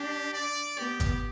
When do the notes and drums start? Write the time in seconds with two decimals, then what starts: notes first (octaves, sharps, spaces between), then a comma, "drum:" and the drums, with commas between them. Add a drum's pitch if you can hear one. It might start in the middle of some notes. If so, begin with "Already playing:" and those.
Already playing: D4 G4
0.34 D5
0.77 B3 G4
1.00 drum: kick, hi-hat